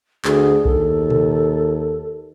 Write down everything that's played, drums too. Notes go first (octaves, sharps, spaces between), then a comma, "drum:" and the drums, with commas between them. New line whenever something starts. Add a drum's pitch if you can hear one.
D2 G#4, drum: clap
D#2 A4, drum: kick B1
drum: tom A#2